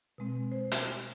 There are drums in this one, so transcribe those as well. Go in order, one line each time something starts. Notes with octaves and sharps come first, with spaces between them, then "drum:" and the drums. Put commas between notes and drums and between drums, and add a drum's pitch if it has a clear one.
B2 G#3 C4
C5
drum: hi-hat